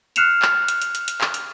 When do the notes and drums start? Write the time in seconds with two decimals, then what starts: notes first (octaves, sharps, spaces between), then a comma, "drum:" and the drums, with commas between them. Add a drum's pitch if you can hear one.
0.16 F6 F#6 C7 C#7 E7 F7, drum: hi-hat
0.42 drum: clap
0.68 drum: hi-hat
0.82 drum: hi-hat
0.95 drum: hi-hat
1.08 drum: hi-hat
1.21 drum: clap
1.34 drum: hi-hat